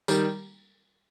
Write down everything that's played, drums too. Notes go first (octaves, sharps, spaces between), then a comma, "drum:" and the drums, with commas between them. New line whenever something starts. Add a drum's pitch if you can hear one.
D#3 G3, drum: tambourine